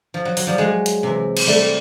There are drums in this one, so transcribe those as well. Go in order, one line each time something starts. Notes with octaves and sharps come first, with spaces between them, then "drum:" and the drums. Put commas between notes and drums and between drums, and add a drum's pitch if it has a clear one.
F3
F#3
F#3, drum: open hi-hat
F3 G3
F#3 G#3
drum: hi-hat
C3 E3
drum: cymbal
G3 A3